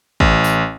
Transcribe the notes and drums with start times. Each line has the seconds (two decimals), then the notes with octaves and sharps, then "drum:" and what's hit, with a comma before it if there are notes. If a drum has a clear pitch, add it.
0.20 A1, drum: kick
0.44 drum: tambourine